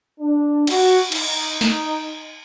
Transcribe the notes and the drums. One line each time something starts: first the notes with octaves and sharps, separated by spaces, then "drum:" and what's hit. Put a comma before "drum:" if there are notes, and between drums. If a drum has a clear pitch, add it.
D4
F#4, drum: cymbal
D#4, drum: cymbal
drum: snare